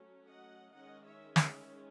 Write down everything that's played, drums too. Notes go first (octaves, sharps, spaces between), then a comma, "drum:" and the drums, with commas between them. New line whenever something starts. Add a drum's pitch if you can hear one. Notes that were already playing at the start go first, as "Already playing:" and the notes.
Already playing: F#3 A3 C#4
D#5 F#5
D#3 G#3 C#4 D#5 F#5
C#5 E5
C#5 E5, drum: snare